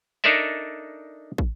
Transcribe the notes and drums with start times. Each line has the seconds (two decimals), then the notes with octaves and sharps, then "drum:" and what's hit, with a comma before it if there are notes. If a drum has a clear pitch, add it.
0.24 D4 D#4 A4 A#4 D5 E5
1.38 drum: kick